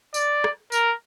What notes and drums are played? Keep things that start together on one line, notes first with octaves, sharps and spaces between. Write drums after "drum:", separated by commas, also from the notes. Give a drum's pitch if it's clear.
D5, drum: tambourine
drum: rim click
A#4, drum: tambourine